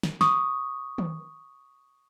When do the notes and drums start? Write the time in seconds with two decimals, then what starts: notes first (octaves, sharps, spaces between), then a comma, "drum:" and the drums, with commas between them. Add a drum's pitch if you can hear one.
0.03 drum: snare
0.21 C#6 D#6, drum: snare
0.98 drum: tom D#3